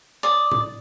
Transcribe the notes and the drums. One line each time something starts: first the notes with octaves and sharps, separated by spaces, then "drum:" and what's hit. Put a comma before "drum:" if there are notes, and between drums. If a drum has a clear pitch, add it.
D5 D#6, drum: hi-hat
drum: tom A2